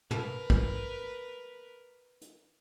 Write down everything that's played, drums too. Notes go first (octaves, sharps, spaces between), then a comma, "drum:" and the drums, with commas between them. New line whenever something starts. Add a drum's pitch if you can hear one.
A#4 B4, drum: tom
drum: kick
drum: hi-hat